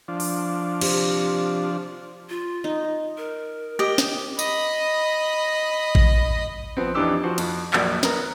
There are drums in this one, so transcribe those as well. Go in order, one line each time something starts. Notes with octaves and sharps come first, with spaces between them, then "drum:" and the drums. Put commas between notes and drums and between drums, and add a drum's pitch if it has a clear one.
F3 D4
drum: open hi-hat
C3, drum: cymbal
F4
D#4
A#4
G4 D#5
drum: snare
D#5 B5, drum: tambourine
drum: kick A1
F3 B3 C4
F2 E3 D4 D#4 G4 E6
F3 F#4 C5
F2, drum: cymbal
A#1 F2 F#3 A#4 D5 E6, drum: clap
B3 A#4 A#5 D#6, drum: snare